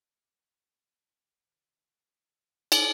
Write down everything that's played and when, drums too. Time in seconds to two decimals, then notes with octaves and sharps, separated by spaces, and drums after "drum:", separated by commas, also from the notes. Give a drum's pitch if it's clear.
0.23 D6
1.45 D#2 C3
2.72 drum: cymbal